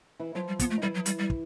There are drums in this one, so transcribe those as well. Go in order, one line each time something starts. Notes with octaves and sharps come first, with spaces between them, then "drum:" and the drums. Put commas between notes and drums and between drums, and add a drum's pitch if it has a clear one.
E3 E4
F3 F#3 F4
G3
B3, drum: kick, hi-hat
A3
D#4
E3 G3 E4
F#3
G3, drum: hi-hat
G3
drum: kick